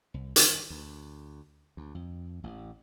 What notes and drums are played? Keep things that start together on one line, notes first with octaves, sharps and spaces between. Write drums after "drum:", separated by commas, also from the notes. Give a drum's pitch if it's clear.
C2
D#3, drum: hi-hat
D2
D2
F2
A1